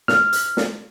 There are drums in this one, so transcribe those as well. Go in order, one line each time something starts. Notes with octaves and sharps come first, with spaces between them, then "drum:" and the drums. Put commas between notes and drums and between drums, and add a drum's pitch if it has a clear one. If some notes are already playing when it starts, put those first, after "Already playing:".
F6, drum: snare
drum: hi-hat
drum: snare